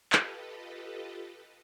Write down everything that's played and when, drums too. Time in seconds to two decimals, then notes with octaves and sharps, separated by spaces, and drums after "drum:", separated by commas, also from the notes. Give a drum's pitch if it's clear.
0.12 F4 G4 A4 B4 D#5, drum: clap